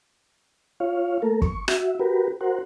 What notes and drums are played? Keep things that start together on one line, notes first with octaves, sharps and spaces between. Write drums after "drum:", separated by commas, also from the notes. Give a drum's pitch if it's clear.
F4 C#5 F5
A3 A#3 A4 A#4
C#6, drum: kick
F#4 E5, drum: rim click
F#4 G4 A#4 B4
F#4 A#4 C5 F#5